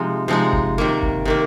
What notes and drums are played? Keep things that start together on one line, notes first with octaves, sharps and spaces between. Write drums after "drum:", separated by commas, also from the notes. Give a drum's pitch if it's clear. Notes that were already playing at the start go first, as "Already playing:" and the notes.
Already playing: C3 F3 G#3 D#4
C3 F3 G#3 D#4
drum: kick G1
C3 D#3 A#3
drum: kick G1
C3 D#3 A#3